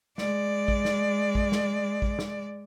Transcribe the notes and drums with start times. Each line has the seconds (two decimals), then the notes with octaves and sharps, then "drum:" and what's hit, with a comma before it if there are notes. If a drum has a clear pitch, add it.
0.18 G#3 D5, drum: snare
0.68 drum: kick
0.85 drum: snare
1.35 drum: kick
1.52 drum: snare
2.02 drum: kick
2.19 drum: snare